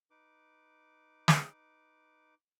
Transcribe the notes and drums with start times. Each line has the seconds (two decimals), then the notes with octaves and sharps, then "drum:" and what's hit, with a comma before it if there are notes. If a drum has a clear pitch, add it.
0.11 D#4 B4 D6
1.28 drum: snare